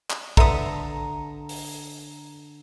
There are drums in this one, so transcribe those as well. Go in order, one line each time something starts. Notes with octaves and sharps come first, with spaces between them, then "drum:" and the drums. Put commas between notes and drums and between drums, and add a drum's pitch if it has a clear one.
drum: clap
D3 A4 B4 E5 A#5 C6 D#6, drum: kick
drum: open hi-hat